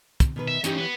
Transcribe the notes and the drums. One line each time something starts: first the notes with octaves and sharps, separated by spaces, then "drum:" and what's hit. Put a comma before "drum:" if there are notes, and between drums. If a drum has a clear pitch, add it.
drum: kick, hi-hat
B2 D#3 B4
E5
E3 C#4 D#4 G4 C#5, drum: hi-hat
B3